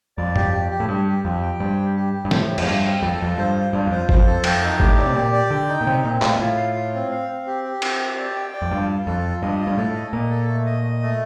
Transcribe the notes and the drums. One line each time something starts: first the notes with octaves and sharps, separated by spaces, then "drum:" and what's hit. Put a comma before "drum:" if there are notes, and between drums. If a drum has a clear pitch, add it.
F2 D5
G4, drum: tom G2
G4
G4
A2
G2 G4
G4
F2 G4
G5
G2 C5
G4
G4
G4
G2
A2 C5, drum: snare
G4
F2, drum: cymbal
G2 F5
C4
F2 A4
F2 F4
G2 C5
F4
G2 F4
F2 C5
C5, drum: kick
F2
A4
F2 G5, drum: cymbal
D#4
A2 G4, drum: kick
D5
C3
A#2 G4
D5
D3 G5
D#4
A#2
C3 C4
A#2 C4
A2 F4, drum: clap
A#2
A2 F4
F5
F4
C4
F5
C4
G4
G4
C4, drum: cymbal
G4
D5
G5
D5
F2
G2 F4
F4
F2 A4
F4
G2 D#5
F4
G2
A2 A4
D#5
A#2 D#5
A4
A3
D#5
D#5
A3